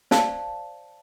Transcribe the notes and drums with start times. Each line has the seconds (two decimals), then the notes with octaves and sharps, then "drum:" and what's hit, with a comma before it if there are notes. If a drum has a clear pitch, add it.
0.11 C5 D5 F5 A5, drum: snare